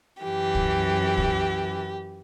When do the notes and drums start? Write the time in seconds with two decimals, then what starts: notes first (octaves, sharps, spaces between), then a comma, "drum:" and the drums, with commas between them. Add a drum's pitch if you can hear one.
0.23 F#2 E3 G4
0.55 drum: kick
1.17 drum: kick